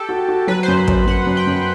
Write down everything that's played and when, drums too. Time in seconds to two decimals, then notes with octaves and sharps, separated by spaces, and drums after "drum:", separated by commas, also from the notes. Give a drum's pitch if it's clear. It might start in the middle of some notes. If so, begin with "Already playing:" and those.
Already playing: G4 A4
0.09 F#4
0.28 F#4
0.47 F#3 B4
0.63 F#2 C5
0.78 C5
0.88 F#2, drum: kick
1.07 F#2 F#5
1.27 F#2
1.37 G5
1.47 F#2